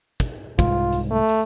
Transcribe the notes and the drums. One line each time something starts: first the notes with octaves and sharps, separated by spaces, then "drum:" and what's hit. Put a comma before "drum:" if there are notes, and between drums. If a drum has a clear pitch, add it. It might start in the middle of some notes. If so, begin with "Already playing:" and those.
drum: kick, hi-hat
C2 G#2 F4, drum: kick, hi-hat
drum: hi-hat
A3
drum: hi-hat